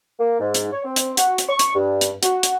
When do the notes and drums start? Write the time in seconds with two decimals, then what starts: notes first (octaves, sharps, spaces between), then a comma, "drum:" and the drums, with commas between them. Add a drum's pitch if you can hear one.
0.20 A#3
0.39 G#2
0.54 drum: hi-hat
0.72 C#5
0.84 C4
0.96 drum: hi-hat
1.17 F#4, drum: hi-hat
1.38 drum: hi-hat
1.49 C#6
1.59 drum: hi-hat
1.75 G2
2.01 drum: hi-hat
2.23 F#4, drum: hi-hat
2.43 drum: hi-hat